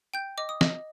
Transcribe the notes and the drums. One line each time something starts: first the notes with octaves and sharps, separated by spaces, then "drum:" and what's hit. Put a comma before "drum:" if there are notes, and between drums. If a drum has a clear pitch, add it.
G5 G6
D#5 D6
D#6
D#5, drum: snare